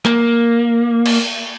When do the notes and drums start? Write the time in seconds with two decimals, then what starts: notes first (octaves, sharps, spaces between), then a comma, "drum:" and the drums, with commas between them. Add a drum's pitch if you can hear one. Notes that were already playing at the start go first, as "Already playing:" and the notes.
0.05 A#3, drum: clap
1.05 drum: cymbal